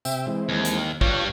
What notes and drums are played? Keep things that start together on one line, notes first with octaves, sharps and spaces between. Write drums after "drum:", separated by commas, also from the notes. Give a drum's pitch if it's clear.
C3 E5 G5, drum: tambourine
E3 G#3 C4
D#2
drum: hi-hat
G2 G3 F4 C#5, drum: kick